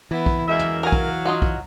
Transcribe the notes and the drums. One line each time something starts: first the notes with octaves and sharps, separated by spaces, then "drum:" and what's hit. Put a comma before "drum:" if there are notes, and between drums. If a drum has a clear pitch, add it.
E3 B3 E4
drum: kick
F#2 G#3 A#3 E5
drum: tom
F#3 A#4 F5 G#5
drum: kick
D#4 F4 F#4
drum: kick